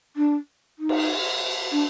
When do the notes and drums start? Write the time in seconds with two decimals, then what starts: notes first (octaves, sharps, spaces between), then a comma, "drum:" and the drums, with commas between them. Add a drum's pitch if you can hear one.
0.16 D4
0.79 D#4
0.89 drum: cymbal
1.72 D4